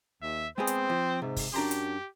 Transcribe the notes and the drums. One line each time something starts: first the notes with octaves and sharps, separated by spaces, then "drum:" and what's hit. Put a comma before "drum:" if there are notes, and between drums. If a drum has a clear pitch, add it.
D#2 E5
G#3 B3 C4 G#4 C5
drum: hi-hat
F3
G#2 C3
drum: kick, open hi-hat
F#2 D4 G4 A#5 C6
drum: hi-hat